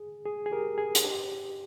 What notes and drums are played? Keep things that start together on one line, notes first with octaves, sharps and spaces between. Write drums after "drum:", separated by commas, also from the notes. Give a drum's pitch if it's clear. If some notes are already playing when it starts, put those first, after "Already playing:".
Already playing: G#4
G#4
G#4
G4 A#4
G#4
drum: hi-hat
G4